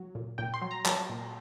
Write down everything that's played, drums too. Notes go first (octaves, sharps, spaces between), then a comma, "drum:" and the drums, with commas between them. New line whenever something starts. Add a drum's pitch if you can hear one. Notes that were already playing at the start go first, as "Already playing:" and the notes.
Already playing: F#3
A#2
A#2 G5
C6
F#3
A#5
F#3 A5, drum: clap
A#2